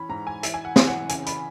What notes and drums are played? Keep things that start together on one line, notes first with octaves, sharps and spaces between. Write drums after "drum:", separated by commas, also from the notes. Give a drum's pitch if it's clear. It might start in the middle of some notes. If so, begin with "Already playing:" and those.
Already playing: E3 C#4 B5
G#2 A#5
G#5
E3 E5, drum: hi-hat
G#5
F#5
E3, drum: snare
F#5
C#3 G#5, drum: hi-hat
B5, drum: hi-hat